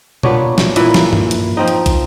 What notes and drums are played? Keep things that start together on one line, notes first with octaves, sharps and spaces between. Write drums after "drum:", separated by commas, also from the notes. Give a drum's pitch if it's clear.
A#2 B3 D4 C#5, drum: tom B2
drum: snare
A#2 E3 E4, drum: hi-hat
drum: snare
drum: tom G2
drum: hi-hat
F3 C4 D#4
drum: hi-hat
drum: kick, hi-hat